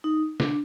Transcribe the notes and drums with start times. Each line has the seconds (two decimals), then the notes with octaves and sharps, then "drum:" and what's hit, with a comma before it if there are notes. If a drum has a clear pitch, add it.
0.04 D#4
0.40 D4, drum: snare